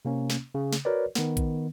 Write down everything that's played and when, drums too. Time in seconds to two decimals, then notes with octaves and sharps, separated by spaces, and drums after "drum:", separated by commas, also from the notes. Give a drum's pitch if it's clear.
0.05 C3 A#3 C#4
0.30 drum: snare
0.55 C#3
0.73 drum: snare
0.85 F#4 A#4 B4 C#5 D5
1.15 D#3 B3, drum: snare
1.37 drum: kick, hi-hat